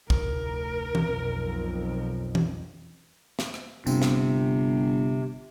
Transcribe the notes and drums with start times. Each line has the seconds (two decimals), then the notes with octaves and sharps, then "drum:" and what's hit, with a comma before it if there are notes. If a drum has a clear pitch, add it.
0.10 F1 D2 A2 A#4, drum: kick A#1
0.95 B1 F2, drum: tom E3
2.35 drum: tom E3
3.39 drum: snare
3.54 drum: rim click
3.87 G1 C3, drum: tambourine
4.02 drum: snare